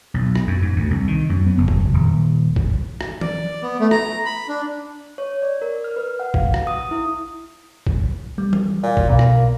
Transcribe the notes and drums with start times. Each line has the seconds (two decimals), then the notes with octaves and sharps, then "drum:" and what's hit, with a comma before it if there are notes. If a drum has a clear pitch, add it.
0.14 B1
0.35 drum: rim click
0.47 F#2
0.62 G#2
0.76 D2
0.91 C2
1.08 D#3
1.29 F#2
1.46 B3
1.58 F#1
1.68 drum: kick
1.94 D#1
2.56 drum: kick
3.01 drum: rim click
3.21 D5, drum: tom E3
3.63 B3
3.80 A3
3.91 A#5, drum: rim click
4.25 B5
4.48 D4
5.18 C#5
5.42 D5
5.62 A#4
5.84 F6
5.97 B4
6.19 F#5
6.34 F5, drum: kick
6.54 drum: rim click
6.67 D#6
6.91 E4
7.87 drum: kick
8.38 G3
8.53 drum: tom E3
8.83 A#2
8.97 drum: kick
9.09 B1 B2 A#3
9.19 drum: rim click